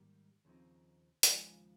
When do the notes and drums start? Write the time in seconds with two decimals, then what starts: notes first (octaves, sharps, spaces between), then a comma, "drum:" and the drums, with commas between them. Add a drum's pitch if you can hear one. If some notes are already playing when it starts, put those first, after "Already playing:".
Already playing: G#2 D#3 G3 A#3
0.45 D#2 C#3 F3 C4 D#4
1.23 D#2 C#3 F3 G#3 D#4 G#5, drum: hi-hat